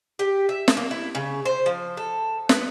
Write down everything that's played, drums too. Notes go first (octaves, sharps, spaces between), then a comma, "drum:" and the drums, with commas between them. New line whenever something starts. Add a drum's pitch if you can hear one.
G4
E5
drum: snare
A#3
E4
C#3
C5
F3
A4
B3, drum: snare